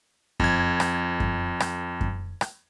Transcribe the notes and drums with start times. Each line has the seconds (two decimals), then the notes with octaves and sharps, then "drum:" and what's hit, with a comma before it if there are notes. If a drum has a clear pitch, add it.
0.40 F2 G#6, drum: kick F#2
0.80 drum: rim click
1.20 drum: kick F#2
1.60 drum: rim click
2.01 drum: kick F#2
2.41 drum: rim click